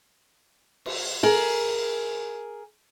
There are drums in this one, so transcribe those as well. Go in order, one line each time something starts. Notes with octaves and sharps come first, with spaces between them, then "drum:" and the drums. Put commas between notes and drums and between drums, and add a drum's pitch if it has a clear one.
drum: cymbal
G#4 A#4